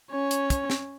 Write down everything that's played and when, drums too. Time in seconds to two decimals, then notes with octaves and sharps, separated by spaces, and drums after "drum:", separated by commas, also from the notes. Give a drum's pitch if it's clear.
0.11 C#4 C#5
0.31 drum: hi-hat
0.50 drum: kick, hi-hat
0.70 drum: snare